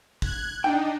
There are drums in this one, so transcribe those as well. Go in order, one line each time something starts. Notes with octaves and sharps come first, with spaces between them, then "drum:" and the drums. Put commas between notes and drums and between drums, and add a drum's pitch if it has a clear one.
F#6 G#6, drum: kick
D4 D#4 G5